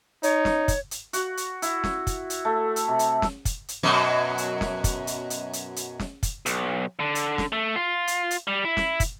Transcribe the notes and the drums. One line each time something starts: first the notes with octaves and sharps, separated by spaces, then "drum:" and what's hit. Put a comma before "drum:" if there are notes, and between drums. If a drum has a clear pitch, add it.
D#4 C#5, drum: hi-hat
drum: snare
drum: kick, hi-hat
drum: hi-hat
F#4, drum: hi-hat
drum: hi-hat
E4, drum: hi-hat
drum: snare
drum: kick, hi-hat
drum: hi-hat
A3
drum: hi-hat
C3
drum: hi-hat
drum: snare
drum: kick, hi-hat
drum: hi-hat
F#2 B2 F#3
drum: hi-hat
drum: snare
drum: kick, hi-hat
drum: hi-hat
drum: hi-hat
drum: hi-hat
drum: hi-hat
drum: snare
drum: kick, hi-hat
B1, drum: hi-hat
D3
drum: hi-hat
drum: snare
A3
F4
drum: hi-hat
drum: hi-hat
G3
E4
drum: snare
drum: kick, hi-hat